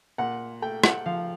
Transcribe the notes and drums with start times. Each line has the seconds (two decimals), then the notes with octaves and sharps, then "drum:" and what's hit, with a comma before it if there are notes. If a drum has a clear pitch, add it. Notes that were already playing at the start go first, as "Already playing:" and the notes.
0.18 A#2 F#5
0.62 A3 G5
0.84 F#5, drum: rim click
1.06 F3 F5